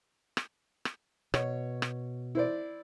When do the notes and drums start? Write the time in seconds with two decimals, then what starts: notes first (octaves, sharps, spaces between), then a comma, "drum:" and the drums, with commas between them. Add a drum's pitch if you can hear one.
0.37 drum: rim click
0.85 drum: rim click
1.34 B2 C#5, drum: rim click
1.82 drum: rim click
2.35 E4 C5 D5